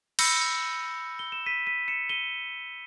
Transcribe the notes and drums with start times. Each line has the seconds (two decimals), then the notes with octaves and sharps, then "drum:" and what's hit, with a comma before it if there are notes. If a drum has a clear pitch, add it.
0.19 B5 E6 G6 A#6 C#7, drum: cymbal
1.19 G7
1.32 E7
1.46 B6 D#7
1.67 B6 D#7
1.88 C#7 E7
2.09 D#7 G7